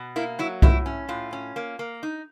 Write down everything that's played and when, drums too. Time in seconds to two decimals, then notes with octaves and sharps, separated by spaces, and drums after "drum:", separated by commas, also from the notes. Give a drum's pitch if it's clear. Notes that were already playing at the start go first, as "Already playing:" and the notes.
Already playing: B2
0.16 A#3 E4
0.39 F#3 E4
0.62 A2 E4, drum: kick C2
0.86 C#4
1.09 A2 F4
1.33 C#4
1.56 A#3
1.79 A#3
2.03 D#4